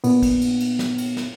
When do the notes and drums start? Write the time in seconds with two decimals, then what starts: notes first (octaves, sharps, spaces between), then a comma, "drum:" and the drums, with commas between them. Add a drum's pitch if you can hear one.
0.04 A#2 B3, drum: cymbal
0.23 drum: kick, cymbal
0.41 drum: cymbal
0.60 drum: cymbal
0.79 drum: snare
0.98 drum: cymbal
1.17 drum: snare